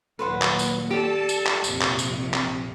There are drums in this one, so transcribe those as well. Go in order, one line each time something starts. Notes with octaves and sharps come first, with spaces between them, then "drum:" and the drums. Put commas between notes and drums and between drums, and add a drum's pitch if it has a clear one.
D#2 A#2 F#3 B4 C5 F#5
drum: clap
drum: tambourine
G4 A4 D5 A5
drum: tambourine
drum: clap
A#1 F2 C3, drum: tambourine
drum: clap
drum: tambourine
drum: clap